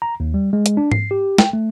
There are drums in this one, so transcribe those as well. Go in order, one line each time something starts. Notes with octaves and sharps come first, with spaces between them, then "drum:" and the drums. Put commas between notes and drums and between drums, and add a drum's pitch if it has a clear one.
A#5
D#2
G3
G#3
drum: hi-hat
D4
C7, drum: tom G#2
G4
G5, drum: snare
A3